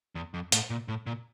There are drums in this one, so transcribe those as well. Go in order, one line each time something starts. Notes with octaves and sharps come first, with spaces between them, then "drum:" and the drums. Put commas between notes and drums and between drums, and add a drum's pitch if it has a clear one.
E2
F2
A2, drum: hi-hat
A#2
A2
A#2